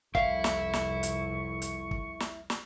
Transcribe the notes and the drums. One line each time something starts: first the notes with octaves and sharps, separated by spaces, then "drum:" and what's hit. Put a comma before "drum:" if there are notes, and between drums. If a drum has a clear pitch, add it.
F1 C2 E4 E5 F5 C#6, drum: kick
drum: snare
drum: snare
drum: hi-hat
drum: hi-hat
drum: kick
drum: snare
drum: snare